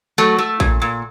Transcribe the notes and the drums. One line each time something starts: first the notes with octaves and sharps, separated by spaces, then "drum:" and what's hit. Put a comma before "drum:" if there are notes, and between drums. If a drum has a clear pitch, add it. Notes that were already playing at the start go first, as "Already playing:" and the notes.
F#3 A3
A3
A#2, drum: kick A#1
A#2